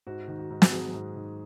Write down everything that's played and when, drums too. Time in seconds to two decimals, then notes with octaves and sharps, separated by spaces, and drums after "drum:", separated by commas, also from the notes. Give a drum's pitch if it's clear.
0.07 G#2 F#4
0.28 D#3
0.39 F#4
0.50 G#2
0.62 F#4, drum: snare
0.72 F#3 G#4
0.94 G#2
1.15 D#3